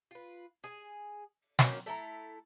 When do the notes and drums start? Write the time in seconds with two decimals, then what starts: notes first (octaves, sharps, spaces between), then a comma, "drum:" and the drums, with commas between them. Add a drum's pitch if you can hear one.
0.11 F4 B4
0.64 G#4 G#5
1.59 D#3 A#3 C#4 F#4, drum: snare
1.86 A3 E4 A4 A#5